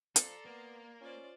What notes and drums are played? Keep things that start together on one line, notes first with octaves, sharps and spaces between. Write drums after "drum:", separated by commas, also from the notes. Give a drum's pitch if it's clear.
F3 A4 D5 A#5 C6, drum: hi-hat
A#3 B3
C#4 F4 C5 D5